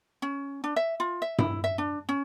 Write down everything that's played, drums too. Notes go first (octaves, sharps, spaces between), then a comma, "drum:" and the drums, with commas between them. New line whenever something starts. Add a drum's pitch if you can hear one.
C#4
D4
E5
F4
E5
E4, drum: tom G2
E5
D4
C#4